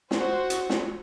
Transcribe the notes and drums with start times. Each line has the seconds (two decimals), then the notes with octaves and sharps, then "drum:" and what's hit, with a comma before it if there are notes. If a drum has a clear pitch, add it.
0.11 F#4 C5, drum: snare
0.50 drum: hi-hat
0.70 drum: snare